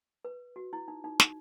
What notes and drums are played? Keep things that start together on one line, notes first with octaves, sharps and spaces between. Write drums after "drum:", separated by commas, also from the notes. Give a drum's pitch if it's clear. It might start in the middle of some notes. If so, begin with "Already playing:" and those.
B4
F#4
E4
D#4
D#4
D#4, drum: snare